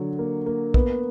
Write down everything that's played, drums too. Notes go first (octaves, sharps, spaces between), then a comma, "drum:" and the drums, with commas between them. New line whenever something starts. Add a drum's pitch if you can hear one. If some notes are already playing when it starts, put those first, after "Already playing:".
Already playing: D3 F#3
A#3
A#3
B3, drum: kick A#1